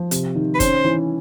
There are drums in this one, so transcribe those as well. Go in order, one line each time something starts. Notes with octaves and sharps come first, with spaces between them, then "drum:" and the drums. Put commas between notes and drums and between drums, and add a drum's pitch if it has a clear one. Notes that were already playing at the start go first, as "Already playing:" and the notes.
Already playing: F3
C3, drum: hi-hat
D#3
B4
C#4 C5, drum: kick F#1, hi-hat
E3